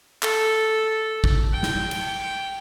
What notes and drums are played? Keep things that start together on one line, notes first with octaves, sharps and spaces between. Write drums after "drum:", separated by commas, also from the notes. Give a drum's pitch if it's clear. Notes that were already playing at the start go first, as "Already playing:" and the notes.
A4, drum: clap
drum: kick
G5
drum: snare
drum: cymbal